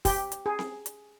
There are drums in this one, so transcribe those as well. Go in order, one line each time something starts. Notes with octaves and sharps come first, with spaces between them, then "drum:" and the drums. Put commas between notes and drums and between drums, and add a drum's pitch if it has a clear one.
G4, drum: kick, open hi-hat
drum: hi-hat
G#4
drum: snare C4
drum: hi-hat